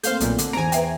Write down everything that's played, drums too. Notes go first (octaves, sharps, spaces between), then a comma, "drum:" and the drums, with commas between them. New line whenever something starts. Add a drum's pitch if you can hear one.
A3 A#3 C4 C5 F5 G6, drum: hi-hat
B1 A#2, drum: hi-hat
D3, drum: hi-hat
E2 C5 G#5 A#5 D7, drum: snare
B4 E5 G5, drum: hi-hat